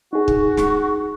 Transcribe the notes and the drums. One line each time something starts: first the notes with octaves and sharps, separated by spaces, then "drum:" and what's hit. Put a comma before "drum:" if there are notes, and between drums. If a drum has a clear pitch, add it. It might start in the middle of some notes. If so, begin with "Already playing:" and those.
D#4 F#4 G#4
drum: kick
drum: snare